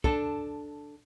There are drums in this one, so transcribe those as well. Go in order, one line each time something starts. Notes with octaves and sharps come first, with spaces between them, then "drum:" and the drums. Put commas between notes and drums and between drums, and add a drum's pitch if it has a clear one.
D4 A4, drum: kick